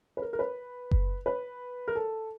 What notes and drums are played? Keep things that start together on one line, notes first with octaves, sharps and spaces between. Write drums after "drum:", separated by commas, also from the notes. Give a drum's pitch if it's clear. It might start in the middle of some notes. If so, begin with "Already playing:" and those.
B4
A#4
A#4
B4
drum: kick F#1
B4
A#4
A4